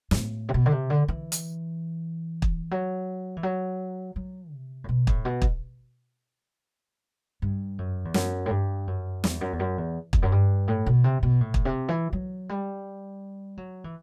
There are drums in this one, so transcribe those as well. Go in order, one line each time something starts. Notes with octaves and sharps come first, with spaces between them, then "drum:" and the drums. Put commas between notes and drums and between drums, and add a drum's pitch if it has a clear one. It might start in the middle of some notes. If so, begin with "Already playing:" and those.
G2, drum: snare
A2
C3
B2
D3
C3
D3
E3
drum: hi-hat
drum: kick
F#3
E3
F#3
F#3
C3
A2
B2
A2, drum: kick
B2
drum: kick
G2
F#2
E2
F#2, drum: snare
A2
G2
F#2
E2, drum: snare
F#2
E2
F#2
E2
E2, drum: kick
F#2
G2
A2
B2
C3
B2
A2
drum: kick
C3
E3
F#3
G3
F#3
E3